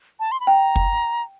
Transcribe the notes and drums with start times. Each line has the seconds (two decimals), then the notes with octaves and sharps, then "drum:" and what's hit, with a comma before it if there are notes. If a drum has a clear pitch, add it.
0.20 A5
0.32 C6
0.40 B5
0.47 G5 A#5
0.76 drum: kick